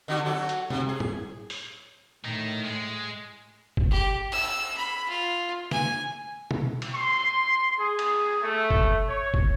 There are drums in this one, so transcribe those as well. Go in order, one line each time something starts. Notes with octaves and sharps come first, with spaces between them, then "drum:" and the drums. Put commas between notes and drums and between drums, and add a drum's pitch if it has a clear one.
D3 D#4 F#4
F#3 F#4 A4
drum: hi-hat
C3, drum: tom
G#4
drum: tom
drum: open hi-hat
A2 D#3
G#3
drum: kick
G4
E6, drum: cymbal
B5
F4
G#5, drum: snare
drum: tom B2
drum: cymbal
C6
G#4
drum: cymbal
A3
drum: kick
C#5
drum: kick